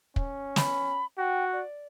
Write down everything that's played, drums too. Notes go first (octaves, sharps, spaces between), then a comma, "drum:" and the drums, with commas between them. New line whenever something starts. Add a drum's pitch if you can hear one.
C#4, drum: kick
B5, drum: snare
F#4 G5
D5